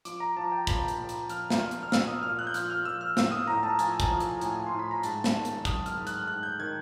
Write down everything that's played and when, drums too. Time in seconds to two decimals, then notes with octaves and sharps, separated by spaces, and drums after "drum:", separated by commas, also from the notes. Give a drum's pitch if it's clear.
0.05 F3 D6, drum: hi-hat
0.20 A#5
0.36 F3 A5
0.52 G5
0.67 A#2 B5, drum: kick, hi-hat
0.88 drum: hi-hat
0.98 A#2
1.09 drum: hi-hat
1.29 F3 F6, drum: hi-hat
1.50 drum: snare
1.61 F3
1.71 drum: hi-hat
1.83 F6
1.92 A#2 E6, drum: snare
2.07 D#6
2.23 A#2 F6
2.39 F#6
2.47 G6
2.54 F3 F#6, drum: hi-hat
2.70 F6
2.85 F3 E6
3.01 F6
3.17 A2 E6, drum: snare
3.32 D#6
3.47 A2 A#5
3.63 A5
3.79 F3 G#5, drum: hi-hat
4.00 drum: kick, hi-hat
4.10 F3
4.20 drum: hi-hat
4.41 A2 G#5, drum: hi-hat
4.67 C6
4.72 A2
4.79 B5
4.91 A#5
5.03 G#2 A5, drum: hi-hat
5.24 drum: snare
5.34 D#3 A5
5.45 drum: hi-hat
5.65 F#3 D#6, drum: kick, hi-hat
5.86 F6, drum: hi-hat
5.97 G#2
6.07 F#6, drum: hi-hat
6.27 G#2 F#6
6.43 G6
6.59 D#3 G#6